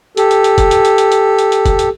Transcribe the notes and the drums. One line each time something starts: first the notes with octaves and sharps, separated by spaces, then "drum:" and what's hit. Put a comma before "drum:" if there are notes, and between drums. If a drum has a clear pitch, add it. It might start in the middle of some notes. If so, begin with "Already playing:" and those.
G4 A4, drum: hi-hat
drum: hi-hat
drum: hi-hat
drum: kick, hi-hat
drum: hi-hat
drum: hi-hat
drum: hi-hat
drum: hi-hat
drum: hi-hat
drum: hi-hat
drum: kick, hi-hat
drum: hi-hat